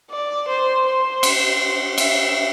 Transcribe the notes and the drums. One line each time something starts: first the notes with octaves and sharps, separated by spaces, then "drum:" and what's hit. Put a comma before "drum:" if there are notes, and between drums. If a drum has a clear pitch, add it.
D5
C5
C5
drum: cymbal
E5, drum: cymbal